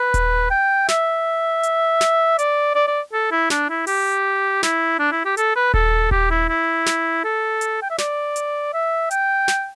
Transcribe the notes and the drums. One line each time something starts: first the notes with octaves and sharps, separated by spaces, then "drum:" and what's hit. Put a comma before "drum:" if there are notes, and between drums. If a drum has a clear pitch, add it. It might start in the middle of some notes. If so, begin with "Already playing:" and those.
Already playing: B4
drum: kick D#1, hi-hat
G5
E5, drum: snare
drum: hi-hat
drum: snare
D5, drum: hi-hat
D5
D5
A4
E4
D4, drum: snare
E4
G4, drum: open hi-hat
E4, drum: snare
D4
E4
G4
A4, drum: hi-hat
B4
A4, drum: kick D#1
G4, drum: kick D#1
E4
E4
drum: snare
A4
drum: hi-hat
G5
E5
D5, drum: snare
drum: hi-hat
E5
G5, drum: hi-hat
drum: snare